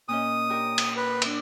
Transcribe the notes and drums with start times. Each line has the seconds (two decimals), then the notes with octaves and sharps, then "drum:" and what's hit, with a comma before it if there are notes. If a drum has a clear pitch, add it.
0.08 A#2 C#4 D#5 D#6
0.49 D4 G4 A#4
0.78 drum: cymbal
0.97 B4
1.22 D4 E5, drum: cymbal